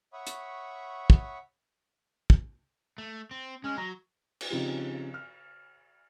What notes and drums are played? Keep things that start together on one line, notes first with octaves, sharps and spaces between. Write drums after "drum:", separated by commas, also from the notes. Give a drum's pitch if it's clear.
C#5 E5 F#5 B5 C#6 D#6
drum: hi-hat
drum: kick
drum: kick
A3
C4
G#3 C#4
F#3 A#5
drum: cymbal
C#3 F3 C4 D#4 F4 G4
F6